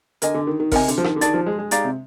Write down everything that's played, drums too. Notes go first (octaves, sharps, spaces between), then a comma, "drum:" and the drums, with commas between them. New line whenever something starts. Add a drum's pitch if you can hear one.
D3 A#4 D#5 G#5, drum: hi-hat
D3
D#3
D#3
C3 A#4 D#5 G#5, drum: kick, open hi-hat
D3, drum: hi-hat
F3
D#3, drum: rim click
D3
D#3 D4 G#4 D5, drum: hi-hat
F3
G#3
G#3
G#3 D#4 G4 D5 F5, drum: hi-hat
C3